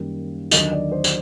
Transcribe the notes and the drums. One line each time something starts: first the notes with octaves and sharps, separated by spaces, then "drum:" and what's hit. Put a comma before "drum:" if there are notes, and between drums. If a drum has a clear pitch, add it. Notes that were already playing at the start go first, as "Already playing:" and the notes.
Already playing: F#2 D#3 G3 A#3
D#2 D3 F#3 D#5, drum: tambourine
D5
C5
drum: tambourine